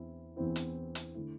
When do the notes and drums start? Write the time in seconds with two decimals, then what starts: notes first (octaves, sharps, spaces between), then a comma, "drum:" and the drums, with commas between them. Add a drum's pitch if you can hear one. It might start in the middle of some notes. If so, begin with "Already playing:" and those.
Already playing: E2 E3 C4 E4
0.36 E2 E3 C4 E4
0.56 drum: hi-hat
0.95 drum: hi-hat
1.15 D3 A3 E4